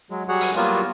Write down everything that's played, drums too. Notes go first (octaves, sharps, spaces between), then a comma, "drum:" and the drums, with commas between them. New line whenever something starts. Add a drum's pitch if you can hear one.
F#3 G#3
F#3 G3 F#4 G#4 C#5 F#5
drum: open hi-hat
F#3 G3 A#3 B3 F4 F#4